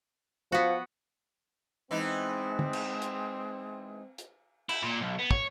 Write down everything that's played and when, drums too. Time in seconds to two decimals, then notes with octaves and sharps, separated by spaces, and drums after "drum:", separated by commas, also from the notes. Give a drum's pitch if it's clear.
0.52 F3 B3 F#4
1.91 E3 G#3 B3 C4 D#4
2.59 drum: tom
2.73 drum: cymbal
3.02 drum: hi-hat
4.18 drum: hi-hat
4.69 E4, drum: cymbal
4.83 A#2
5.01 B1
5.19 B3
5.31 C#5, drum: kick